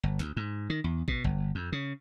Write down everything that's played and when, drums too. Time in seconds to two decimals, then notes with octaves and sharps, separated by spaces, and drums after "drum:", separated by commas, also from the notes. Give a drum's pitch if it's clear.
0.03 G1
0.19 D2, drum: snare
0.37 G#2
0.70 D#3
0.84 E2
1.08 B2, drum: kick
1.24 G1, drum: kick
1.55 F2
1.72 C#3